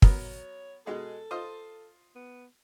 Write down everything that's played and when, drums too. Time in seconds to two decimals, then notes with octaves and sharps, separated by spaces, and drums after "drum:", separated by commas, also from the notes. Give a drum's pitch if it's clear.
0.02 F#3 B3 A#4 C#5, drum: kick
0.86 B2 G#3 G#4 A4
1.31 F4 C5 D#5
2.15 B3